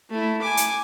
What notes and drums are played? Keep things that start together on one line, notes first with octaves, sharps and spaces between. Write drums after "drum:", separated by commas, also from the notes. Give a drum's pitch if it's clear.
A3 E4
G#5 D6
drum: hi-hat